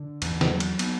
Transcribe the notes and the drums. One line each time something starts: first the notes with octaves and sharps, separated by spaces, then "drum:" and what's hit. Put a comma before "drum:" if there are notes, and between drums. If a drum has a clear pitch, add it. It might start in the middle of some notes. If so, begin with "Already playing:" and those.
Already playing: D3
E2, drum: cymbal
drum: snare
F#3
drum: cymbal
B3, drum: cymbal